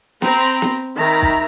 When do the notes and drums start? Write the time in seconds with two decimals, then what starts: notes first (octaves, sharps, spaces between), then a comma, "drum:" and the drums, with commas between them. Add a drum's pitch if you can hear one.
0.22 C4 A#5 B5, drum: snare
0.62 drum: snare
0.98 D#3 E5 A#5 B5
1.22 drum: kick